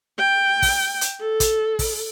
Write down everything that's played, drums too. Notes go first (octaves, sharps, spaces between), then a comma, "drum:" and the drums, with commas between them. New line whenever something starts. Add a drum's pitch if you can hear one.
G5
drum: kick, open hi-hat
drum: hi-hat
A4
drum: kick, hi-hat
drum: kick, open hi-hat